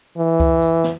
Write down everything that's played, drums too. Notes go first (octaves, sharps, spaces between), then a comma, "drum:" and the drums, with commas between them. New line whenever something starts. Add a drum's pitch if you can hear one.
E3
drum: kick C#2, tambourine
drum: tambourine
drum: snare